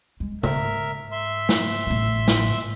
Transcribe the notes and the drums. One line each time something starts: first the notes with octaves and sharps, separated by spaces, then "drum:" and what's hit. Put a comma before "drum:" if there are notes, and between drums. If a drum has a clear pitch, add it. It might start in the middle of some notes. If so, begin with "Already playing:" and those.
G#3
G#2 A#4 E5, drum: tom C#3
E5 C6 E6
drum: snare
A1 A2
drum: snare